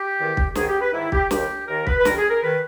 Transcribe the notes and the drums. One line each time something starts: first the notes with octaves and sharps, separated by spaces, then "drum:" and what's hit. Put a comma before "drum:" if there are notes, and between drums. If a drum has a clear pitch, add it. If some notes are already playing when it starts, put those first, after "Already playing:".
Already playing: G4
E2 D#3
drum: kick B1
G#2 D#3 G#4, drum: snare
G4
B4
G#2 D#3 E4
G4, drum: kick B1
D#2 D#3 G4, drum: snare
D#2 D#3 A#4
B4, drum: kick B1
B4
G2 D#3 A#4, drum: snare
G#4
A#4
D#3 B4